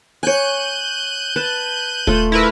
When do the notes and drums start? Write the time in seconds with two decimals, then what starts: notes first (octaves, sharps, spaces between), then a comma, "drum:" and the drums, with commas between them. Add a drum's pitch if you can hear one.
0.23 C#5 G#5 F#6 G6 D#7
1.36 B4 A5
2.07 A3 F4, drum: kick D#1
2.32 E4 A#4 B4